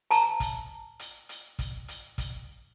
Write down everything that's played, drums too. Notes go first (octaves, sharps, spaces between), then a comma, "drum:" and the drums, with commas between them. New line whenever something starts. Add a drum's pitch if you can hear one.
A5 A#5, drum: hi-hat
drum: kick, hi-hat
drum: hi-hat
drum: hi-hat
drum: kick, hi-hat
drum: hi-hat
drum: kick, hi-hat